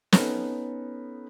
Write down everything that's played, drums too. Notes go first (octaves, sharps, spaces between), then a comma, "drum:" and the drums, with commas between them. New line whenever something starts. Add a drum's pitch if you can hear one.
B3 C#4 D#4 A4, drum: snare